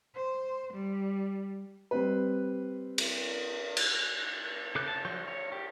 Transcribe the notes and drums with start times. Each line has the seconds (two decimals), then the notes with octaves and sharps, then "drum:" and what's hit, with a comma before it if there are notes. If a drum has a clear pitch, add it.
0.15 C5
0.74 G3
1.91 G3 C4 B4
2.98 drum: cymbal
3.77 drum: cymbal
4.75 C#3 A4 D6 F#6 G6
4.88 A5
5.05 F3 F#3 C#6 G6
5.28 C#5
5.52 G4